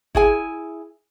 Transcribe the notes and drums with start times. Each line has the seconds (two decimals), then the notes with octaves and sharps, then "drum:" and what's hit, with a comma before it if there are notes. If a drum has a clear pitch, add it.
0.15 E4 G#4 G#5, drum: kick G1